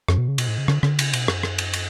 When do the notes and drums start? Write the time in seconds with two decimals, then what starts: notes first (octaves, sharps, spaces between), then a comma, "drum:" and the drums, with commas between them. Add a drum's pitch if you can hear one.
0.08 F#2, drum: rim click
0.18 B2
0.28 C#3
0.38 B2, drum: cymbal
0.48 A2
0.58 C#3
0.68 D3, drum: rim click
0.83 D3, drum: rim click
0.99 C#3, drum: cymbal
1.13 B2, drum: cymbal
1.28 F#2, drum: rim click
1.43 drum: rim click
1.58 drum: cymbal
1.73 drum: cymbal